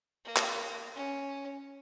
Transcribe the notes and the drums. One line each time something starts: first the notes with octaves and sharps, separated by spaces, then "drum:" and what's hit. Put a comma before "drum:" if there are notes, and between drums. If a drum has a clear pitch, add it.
A#3
drum: clap
C#4